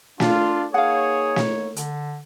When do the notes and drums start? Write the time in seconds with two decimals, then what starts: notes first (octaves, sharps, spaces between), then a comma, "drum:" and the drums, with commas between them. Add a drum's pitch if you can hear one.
0.20 D4 F4, drum: snare
0.74 A#3 D#4 G#4 C#5 F5 F#5
1.36 drum: snare
1.76 D3, drum: hi-hat